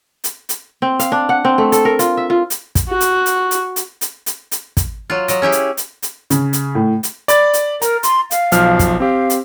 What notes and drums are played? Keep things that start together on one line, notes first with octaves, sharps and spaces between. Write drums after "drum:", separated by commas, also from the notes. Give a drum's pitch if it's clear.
drum: hi-hat
drum: hi-hat
C4
F5, drum: hi-hat
D4
F#5
C4
A3
A4, drum: hi-hat
A#4
F4, drum: hi-hat
E5
F4
drum: hi-hat
drum: kick, hi-hat
F#4
drum: hi-hat
drum: hi-hat
drum: hi-hat
drum: hi-hat
drum: hi-hat
drum: hi-hat
drum: hi-hat
drum: kick, hi-hat
F#3 F4
F#3 D#5, drum: hi-hat
C#4 E4 G4 G#4
drum: hi-hat
drum: hi-hat
drum: hi-hat
C#3, drum: hi-hat
drum: hi-hat
A2
drum: hi-hat
D5 B5 A6, drum: hi-hat
drum: hi-hat
A#4 A#5, drum: hi-hat
C6, drum: hi-hat
F5, drum: hi-hat
B1 F3 F6, drum: hi-hat
drum: kick, hi-hat
C4 G4 F5
drum: hi-hat